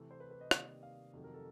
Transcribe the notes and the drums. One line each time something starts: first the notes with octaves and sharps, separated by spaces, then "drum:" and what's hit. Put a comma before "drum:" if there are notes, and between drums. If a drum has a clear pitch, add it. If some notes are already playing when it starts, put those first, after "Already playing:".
Already playing: C3 E3 A3
C5
B4
B4
D#5
C3 D#3 G3 A#3 D#5, drum: rim click
F5
F2 C3 D#3 F#3 A3
A#4
A4